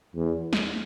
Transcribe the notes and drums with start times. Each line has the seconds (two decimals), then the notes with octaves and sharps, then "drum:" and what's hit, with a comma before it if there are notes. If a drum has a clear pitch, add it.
0.15 E2
0.53 drum: snare